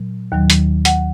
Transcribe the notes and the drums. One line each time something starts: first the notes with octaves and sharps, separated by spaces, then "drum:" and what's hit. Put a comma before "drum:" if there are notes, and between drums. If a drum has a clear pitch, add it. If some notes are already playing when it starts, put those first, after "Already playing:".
Already playing: A#2 F#3
D#2 D#3 F#3
drum: hi-hat
F#5, drum: hi-hat